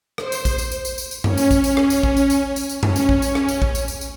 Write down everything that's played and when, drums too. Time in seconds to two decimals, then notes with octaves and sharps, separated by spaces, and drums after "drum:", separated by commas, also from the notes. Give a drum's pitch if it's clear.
0.18 C5, drum: rim click
0.32 drum: tambourine
0.45 drum: kick A#1, tambourine
0.58 drum: tambourine
0.72 drum: tambourine
0.85 drum: tambourine
0.98 drum: tambourine
1.11 drum: tambourine
1.24 C#4, drum: tom F#2
1.37 drum: tambourine
1.51 drum: kick A#1, tambourine
1.64 drum: tambourine
1.77 drum: rim click
1.90 drum: tambourine
2.03 drum: kick A#1
2.17 drum: tambourine
2.30 drum: tambourine
2.56 drum: tambourine
2.69 drum: tambourine
2.83 C#4, drum: tom F#2
2.96 drum: tambourine
3.09 drum: kick A#1
3.22 drum: tambourine
3.35 drum: rim click
3.48 drum: tambourine
3.62 drum: kick A#1
3.75 drum: tambourine
3.88 drum: tambourine
4.01 drum: tambourine